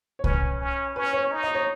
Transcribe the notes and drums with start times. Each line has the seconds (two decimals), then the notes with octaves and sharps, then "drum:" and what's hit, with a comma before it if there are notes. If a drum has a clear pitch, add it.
0.19 C#5
0.24 C#4 B4, drum: kick C2
0.60 C#4
0.95 C#4 B4
1.13 C#5
1.31 D#4
1.43 D#5
1.55 C#5